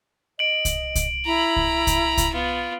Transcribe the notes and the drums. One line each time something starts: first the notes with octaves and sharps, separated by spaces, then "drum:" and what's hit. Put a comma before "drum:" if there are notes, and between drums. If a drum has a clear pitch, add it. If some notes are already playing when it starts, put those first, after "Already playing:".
D#5 D7 F#7
drum: kick C2, hi-hat
drum: kick C2, hi-hat
E4 A#5 B5
drum: kick C2
drum: kick C2, hi-hat
drum: kick C2, hi-hat
B3 F4